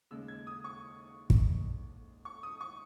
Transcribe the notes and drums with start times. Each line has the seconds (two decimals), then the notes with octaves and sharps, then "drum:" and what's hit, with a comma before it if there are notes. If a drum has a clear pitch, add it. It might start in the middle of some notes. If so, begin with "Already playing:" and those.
0.11 D#2 C#3 G#3 E6
0.28 G#6
0.47 D#6
0.64 C#6
1.30 drum: kick
2.25 C#6
2.43 D#6
2.61 C#6